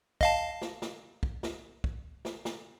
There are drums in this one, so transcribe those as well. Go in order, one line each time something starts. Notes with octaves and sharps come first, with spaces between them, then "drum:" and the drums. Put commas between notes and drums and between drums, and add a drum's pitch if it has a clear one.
D#5 F5 A5, drum: kick
drum: snare
drum: snare
drum: kick
drum: snare
drum: kick
drum: snare
drum: snare